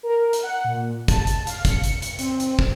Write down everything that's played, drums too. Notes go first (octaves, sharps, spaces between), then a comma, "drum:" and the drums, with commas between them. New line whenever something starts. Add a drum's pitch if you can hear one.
A#4
drum: hi-hat
F#5
A#2
A5, drum: kick, hi-hat
drum: hi-hat
F5, drum: hi-hat
C#7, drum: kick, hi-hat
drum: hi-hat
drum: hi-hat
C4, drum: hi-hat
drum: hi-hat
drum: kick